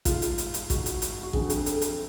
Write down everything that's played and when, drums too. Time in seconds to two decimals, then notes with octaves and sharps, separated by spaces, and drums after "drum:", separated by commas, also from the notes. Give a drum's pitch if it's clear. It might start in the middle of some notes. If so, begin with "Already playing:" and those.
0.05 G#2 F4, drum: kick, hi-hat
0.22 drum: hi-hat
0.38 drum: hi-hat
0.54 drum: hi-hat
0.70 G#2 F#4, drum: kick, hi-hat
0.86 drum: hi-hat
1.02 drum: hi-hat
1.23 F#4
1.33 F2 D3 G#4, drum: kick
1.50 drum: hi-hat
1.66 A4, drum: hi-hat
1.81 drum: hi-hat